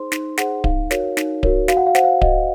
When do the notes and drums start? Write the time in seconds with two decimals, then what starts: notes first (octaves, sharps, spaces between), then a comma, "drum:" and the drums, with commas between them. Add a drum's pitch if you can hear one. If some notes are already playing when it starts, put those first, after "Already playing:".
Already playing: D#4 G#4 C5 C6
0.12 D#4, drum: snare
0.37 G#4 C5 F#5, drum: snare
0.64 D#4 F5, drum: kick D1
0.91 F#4 A#4 C#5, drum: snare
1.17 D#4, drum: snare
1.43 F#4 A#4 C#5, drum: kick D1
1.68 F#4 F5, drum: snare
1.77 F#5
1.87 F5
1.95 C5 F#5, drum: snare
2.04 F5
2.21 F#4 D#5, drum: kick D1